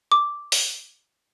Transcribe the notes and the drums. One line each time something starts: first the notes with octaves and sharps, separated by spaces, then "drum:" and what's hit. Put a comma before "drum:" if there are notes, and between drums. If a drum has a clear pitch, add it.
D6
drum: open hi-hat